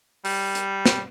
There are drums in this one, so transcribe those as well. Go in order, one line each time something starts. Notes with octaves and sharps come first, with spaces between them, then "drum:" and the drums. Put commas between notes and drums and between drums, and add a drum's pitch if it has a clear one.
G3, drum: open hi-hat
drum: hi-hat
drum: snare